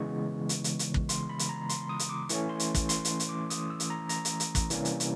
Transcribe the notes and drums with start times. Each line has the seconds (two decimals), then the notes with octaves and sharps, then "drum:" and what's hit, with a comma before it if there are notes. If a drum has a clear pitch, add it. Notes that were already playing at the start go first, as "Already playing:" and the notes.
Already playing: C#3 E3 G#3 B3 C#6
0.49 drum: hi-hat
0.64 drum: hi-hat
0.79 drum: hi-hat
0.94 drum: kick
1.09 C6, drum: hi-hat
1.29 B5
1.39 drum: hi-hat
1.49 A#5
1.69 C6, drum: hi-hat
1.89 D#6
1.99 drum: hi-hat
2.09 D6
2.29 E3 A3 C#4 C#6, drum: hi-hat
2.49 C6
2.60 drum: hi-hat
2.75 drum: kick, hi-hat
2.89 C6, drum: hi-hat
3.05 drum: hi-hat
3.20 drum: hi-hat
3.29 D6
3.50 D#6, drum: hi-hat
3.70 E6
3.80 drum: hi-hat
3.90 A#5
4.09 A#5, drum: hi-hat
4.25 drum: hi-hat
4.40 drum: hi-hat
4.55 drum: kick, hi-hat
4.70 C3 E3 G3 A#3 C#4, drum: hi-hat
4.85 drum: hi-hat
5.00 drum: hi-hat